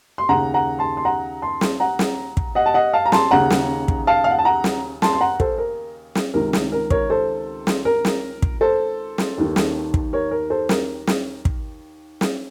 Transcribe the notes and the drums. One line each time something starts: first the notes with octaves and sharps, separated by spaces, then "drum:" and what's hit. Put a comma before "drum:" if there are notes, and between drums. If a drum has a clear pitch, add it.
C6
D#2 C#3 F#5 A#5
F#5 A#5
A5 C6
C6
F#5 A#5
A5 C6
drum: snare
F#5 A#5
drum: snare
drum: kick
D#5 F#5
A5
D#5 F#5
F5 A5
A#5
A5 C6, drum: snare
D#2 C#3 F#5 A#5
drum: snare
drum: kick
F5 A5
F5
F#5
A5
F#5 A#5
drum: snare
A5 C6, drum: snare
C6
F#5 A#5
A4 C5, drum: kick
A#4
drum: snare
C#2 C3 D#3 A#4
drum: snare
A#4
A#4 C#5, drum: kick
A4 C5
drum: snare
A#4
drum: snare
drum: kick
A4 C5
drum: snare
D#2 D#3
drum: snare
drum: kick
A#4 C#5
A#4
A4 C5
A#4, drum: snare
drum: snare
drum: kick
drum: snare